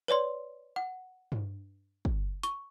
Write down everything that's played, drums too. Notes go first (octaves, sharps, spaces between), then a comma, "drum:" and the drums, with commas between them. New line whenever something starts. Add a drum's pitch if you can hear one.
B4 C#5 D5 C6
F#5
drum: tom G2
drum: kick
C#6, drum: hi-hat